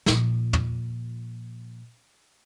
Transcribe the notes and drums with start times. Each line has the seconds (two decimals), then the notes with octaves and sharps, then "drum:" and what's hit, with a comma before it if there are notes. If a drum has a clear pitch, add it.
0.06 A#2 F3, drum: snare
0.53 drum: tom